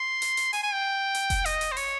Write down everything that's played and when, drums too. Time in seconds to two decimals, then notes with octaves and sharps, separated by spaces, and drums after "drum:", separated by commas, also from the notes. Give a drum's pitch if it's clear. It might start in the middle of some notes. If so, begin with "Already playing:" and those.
Already playing: C6
0.22 drum: hi-hat
0.37 drum: hi-hat
0.53 G#5, drum: open hi-hat
0.63 G#5
0.74 G5
1.15 drum: hi-hat
1.30 drum: kick F1, hi-hat
1.46 D#5, drum: hi-hat
1.61 drum: hi-hat
1.72 C5
1.77 C#5, drum: open hi-hat